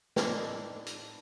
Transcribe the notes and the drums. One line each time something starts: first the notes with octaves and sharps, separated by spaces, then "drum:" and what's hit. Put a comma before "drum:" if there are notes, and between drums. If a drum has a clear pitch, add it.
A2 A#3 C4 D4 D#4, drum: snare
drum: hi-hat